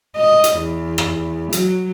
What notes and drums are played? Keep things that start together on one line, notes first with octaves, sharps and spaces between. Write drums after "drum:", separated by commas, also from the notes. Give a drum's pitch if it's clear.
D#5
drum: hi-hat
E2
drum: rim click
F#3, drum: hi-hat